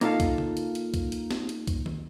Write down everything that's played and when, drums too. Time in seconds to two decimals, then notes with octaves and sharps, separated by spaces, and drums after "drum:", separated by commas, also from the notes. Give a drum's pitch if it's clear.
0.01 A#3 D#4 F4 A4 F5, drum: hi-hat
0.20 drum: kick C2, hi-hat
0.38 drum: tom C#3
0.57 drum: hi-hat
0.75 drum: hi-hat
0.94 drum: kick C2, hi-hat
1.12 drum: hi-hat
1.31 drum: snare
1.49 drum: hi-hat
1.67 drum: kick C2, hi-hat
1.86 drum: tom D#3